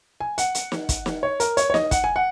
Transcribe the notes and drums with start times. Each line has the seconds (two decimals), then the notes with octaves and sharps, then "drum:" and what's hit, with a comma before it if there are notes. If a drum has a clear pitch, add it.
0.20 G#5
0.38 F#5, drum: hi-hat
0.55 drum: hi-hat
0.72 drum: snare
0.89 drum: kick, hi-hat
1.06 drum: snare
1.23 C#5
1.40 A#4, drum: hi-hat
1.57 C#5, drum: hi-hat
1.70 C#5
1.74 D#5, drum: snare
1.91 F#5, drum: kick, hi-hat
2.04 G#5
2.16 F#5